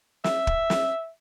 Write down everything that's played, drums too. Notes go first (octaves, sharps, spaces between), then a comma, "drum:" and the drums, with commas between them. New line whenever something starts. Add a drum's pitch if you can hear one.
E5, drum: snare
drum: kick
drum: snare